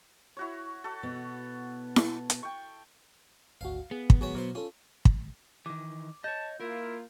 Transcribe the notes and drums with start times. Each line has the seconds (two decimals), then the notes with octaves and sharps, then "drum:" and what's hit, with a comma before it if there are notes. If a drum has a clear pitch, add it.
0.37 E4 F#4 C#5
0.84 F#4 A4
1.03 B2 B3
1.96 drum: snare E4
2.30 drum: hi-hat
2.43 G5 C#6
3.61 G#1 D2 F#4 F5
3.91 B3 G#4
4.10 drum: kick
4.21 F#3 F#4 G#4 C#5
4.35 B2 F#3 E4 C5
4.55 C#4 F4 A4
5.05 drum: kick
5.66 D#3 E3 D6
6.24 C#5 D#5 A5 G6
6.60 A#3 E4 F4 A#4